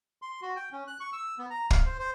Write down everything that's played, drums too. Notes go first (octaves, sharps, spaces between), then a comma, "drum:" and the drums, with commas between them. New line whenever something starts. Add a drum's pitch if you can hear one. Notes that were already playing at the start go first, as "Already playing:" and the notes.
C6
F#4
G5
C#4
F#6
C#6
E6
B3
A#5
F5, drum: kick
C5
C5